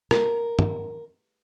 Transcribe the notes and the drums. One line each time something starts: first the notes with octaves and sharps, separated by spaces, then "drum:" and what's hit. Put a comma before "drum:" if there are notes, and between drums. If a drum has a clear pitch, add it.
A#4, drum: rim click
drum: tom